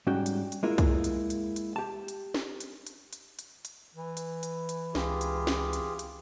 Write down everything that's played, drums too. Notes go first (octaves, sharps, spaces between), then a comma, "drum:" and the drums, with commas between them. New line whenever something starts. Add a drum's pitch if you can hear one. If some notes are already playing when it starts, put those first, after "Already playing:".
G#2 G3 C#4 F#4 F#5 G5
drum: hi-hat
drum: hi-hat
G#3 A#3 E4 F4
drum: kick, hi-hat
drum: hi-hat
drum: hi-hat
drum: hi-hat
G4 A5
drum: hi-hat
drum: snare
drum: hi-hat
drum: hi-hat
drum: hi-hat
drum: hi-hat
drum: hi-hat
E3
drum: hi-hat
drum: hi-hat
drum: hi-hat
C#2 F4 G4 G#4, drum: snare
drum: hi-hat
drum: snare
drum: hi-hat
drum: hi-hat